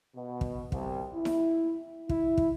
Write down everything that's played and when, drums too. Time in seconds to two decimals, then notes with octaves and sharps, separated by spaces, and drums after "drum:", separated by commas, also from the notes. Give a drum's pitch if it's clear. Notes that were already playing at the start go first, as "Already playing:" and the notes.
0.16 B2
0.41 drum: kick
0.72 C2, drum: kick
1.15 E4
1.25 drum: snare E4
2.09 E4, drum: kick
2.38 drum: kick